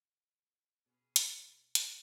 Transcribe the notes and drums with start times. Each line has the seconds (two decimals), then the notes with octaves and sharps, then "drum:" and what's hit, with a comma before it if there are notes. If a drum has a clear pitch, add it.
0.86 B2 B3 C#4 G#4
1.16 drum: hi-hat
1.75 drum: hi-hat